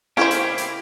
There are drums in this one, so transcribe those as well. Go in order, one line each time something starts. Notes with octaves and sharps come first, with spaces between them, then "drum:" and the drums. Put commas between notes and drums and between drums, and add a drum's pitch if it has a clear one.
C#3 A#3 E4 G4 C5 F5 G#5, drum: snare
drum: hi-hat
drum: hi-hat